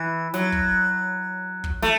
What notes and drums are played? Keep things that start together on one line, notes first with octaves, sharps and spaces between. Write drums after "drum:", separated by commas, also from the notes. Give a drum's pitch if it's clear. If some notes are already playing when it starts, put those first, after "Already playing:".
Already playing: E3
F#3, drum: snare
drum: kick
drum: kick
A3, drum: snare